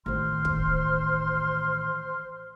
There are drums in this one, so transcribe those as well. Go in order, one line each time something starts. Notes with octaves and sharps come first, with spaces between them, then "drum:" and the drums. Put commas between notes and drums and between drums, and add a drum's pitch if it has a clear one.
A1 D#3 C5 C6 F6
drum: kick